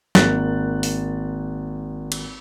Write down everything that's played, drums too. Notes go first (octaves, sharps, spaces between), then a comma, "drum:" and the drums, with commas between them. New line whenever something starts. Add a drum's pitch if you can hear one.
G#1 A#3 F#6 A6, drum: snare
drum: open hi-hat
drum: cymbal